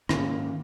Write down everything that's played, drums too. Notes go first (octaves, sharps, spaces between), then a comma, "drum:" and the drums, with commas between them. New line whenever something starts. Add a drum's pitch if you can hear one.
G#2 D#3 A#3 C#4, drum: rim click